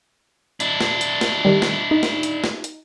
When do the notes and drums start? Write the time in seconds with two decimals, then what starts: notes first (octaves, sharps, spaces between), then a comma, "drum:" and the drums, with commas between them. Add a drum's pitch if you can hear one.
0.60 D4 E4, drum: hi-hat
0.81 drum: snare
1.01 drum: hi-hat
1.21 drum: snare
1.45 D#3 G3
1.62 drum: snare
1.91 D#4
2.03 drum: snare
2.23 drum: hi-hat
2.44 drum: snare
2.64 drum: hi-hat